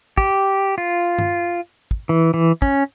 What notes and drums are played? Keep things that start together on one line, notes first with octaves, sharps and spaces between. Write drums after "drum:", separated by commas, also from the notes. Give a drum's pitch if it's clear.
G4, drum: kick
F4
drum: tom G2
drum: kick
E3
E3
C#4, drum: kick